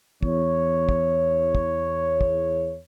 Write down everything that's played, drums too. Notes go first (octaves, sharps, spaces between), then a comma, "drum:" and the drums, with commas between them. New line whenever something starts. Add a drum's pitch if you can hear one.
E2 C#5, drum: kick
drum: kick
drum: kick
drum: kick